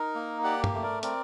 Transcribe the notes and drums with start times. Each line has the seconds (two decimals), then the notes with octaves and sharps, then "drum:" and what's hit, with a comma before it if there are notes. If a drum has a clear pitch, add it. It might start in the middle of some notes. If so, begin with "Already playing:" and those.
Already playing: D#4 A#4
0.15 A#3
0.44 G4 D5 F#5
0.64 drum: tom G2
0.74 A3
0.83 A#4 D5
1.03 C4 A#4 D5, drum: hi-hat